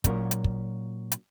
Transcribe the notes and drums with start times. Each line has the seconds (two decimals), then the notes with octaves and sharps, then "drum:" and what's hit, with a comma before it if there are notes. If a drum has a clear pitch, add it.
0.04 A#2 F#3 C#4 A#4, drum: kick, hi-hat
0.31 drum: hi-hat
0.44 drum: kick
1.12 drum: hi-hat